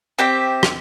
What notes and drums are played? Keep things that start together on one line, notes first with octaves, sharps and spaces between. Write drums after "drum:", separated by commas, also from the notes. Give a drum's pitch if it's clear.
C4 G4 E5
drum: rim click